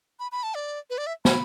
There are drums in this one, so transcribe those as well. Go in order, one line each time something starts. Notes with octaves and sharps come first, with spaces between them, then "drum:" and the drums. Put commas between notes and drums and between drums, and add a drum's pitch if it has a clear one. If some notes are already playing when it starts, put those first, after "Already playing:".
B5
B5
A5
D5
B4
D5
E5
B5, drum: snare